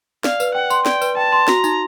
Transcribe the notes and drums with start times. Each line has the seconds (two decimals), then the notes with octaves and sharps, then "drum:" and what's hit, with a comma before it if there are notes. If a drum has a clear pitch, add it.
0.24 D5 F5, drum: snare
0.40 B4, drum: tambourine
0.54 F#5 G5
0.70 C6, drum: tambourine
0.86 D5 G5, drum: snare
1.02 B4, drum: tambourine
1.16 G5 A5
1.32 C6
1.48 F#4 A#5, drum: snare
1.64 D#4, drum: tambourine